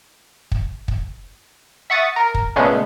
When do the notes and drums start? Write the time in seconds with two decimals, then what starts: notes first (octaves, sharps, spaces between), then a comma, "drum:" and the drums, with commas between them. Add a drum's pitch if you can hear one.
0.52 drum: kick
0.88 drum: kick
1.90 E5 F#5 C#6 D#6 A6
2.16 A#4
2.35 drum: kick
2.56 A#2 C#3 G#3 A3 B3 C#4